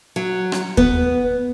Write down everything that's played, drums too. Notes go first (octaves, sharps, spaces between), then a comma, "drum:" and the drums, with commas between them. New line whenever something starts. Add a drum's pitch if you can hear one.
F#3
drum: rim click
B3, drum: kick